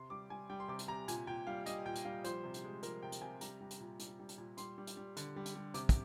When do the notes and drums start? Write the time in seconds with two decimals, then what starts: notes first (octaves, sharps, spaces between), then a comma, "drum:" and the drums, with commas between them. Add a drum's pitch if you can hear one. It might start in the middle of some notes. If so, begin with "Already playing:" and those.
Already playing: C3 C6
0.10 G3 D6
0.30 G3 G#5
0.50 G3 G5
0.60 C6
0.68 C3 D6
0.79 drum: hi-hat
0.88 C3 A#5
1.08 A#2 G#5, drum: hi-hat
1.27 A#2 G5
1.47 G3 F5
1.66 G3 D#5, drum: hi-hat
1.86 A#2 G5
1.95 drum: hi-hat
2.05 G3 F5
2.24 F3 C5, drum: hi-hat
2.44 C3
2.54 drum: hi-hat
2.64 G#3
2.83 F3 A#4, drum: hi-hat
3.03 C3 G5
3.12 drum: hi-hat
3.21 C3 G#5
3.41 G3 A#5, drum: hi-hat
3.61 G3
3.70 drum: hi-hat
3.80 A#2
3.99 G3, drum: hi-hat
4.19 G3
4.29 drum: hi-hat
4.38 A#2
4.57 G3 C6, drum: hi-hat
4.78 G3
4.87 drum: hi-hat
4.97 G3
5.16 D3, drum: hi-hat
5.36 G3
5.45 drum: hi-hat
5.55 G3
5.74 C3 D6, drum: hi-hat
5.89 drum: kick, hi-hat